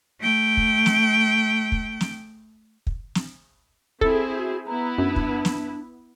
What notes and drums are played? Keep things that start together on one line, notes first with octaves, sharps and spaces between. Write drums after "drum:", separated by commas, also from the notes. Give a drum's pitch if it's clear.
A3 G5
drum: kick
drum: snare
drum: kick
drum: snare
drum: kick
drum: snare
C4 E4 G#4 A4, drum: kick
F#4
B3 E4 B4 A#5
F#2 D4
drum: kick
drum: snare